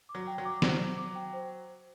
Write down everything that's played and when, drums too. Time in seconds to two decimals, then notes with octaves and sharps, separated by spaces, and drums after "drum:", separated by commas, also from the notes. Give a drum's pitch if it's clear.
0.09 D6
0.15 F#3
0.27 G5
0.38 F#3
0.45 D6
0.62 F#3 C5, drum: snare
0.79 D6
0.98 D6
1.15 G5
1.33 C5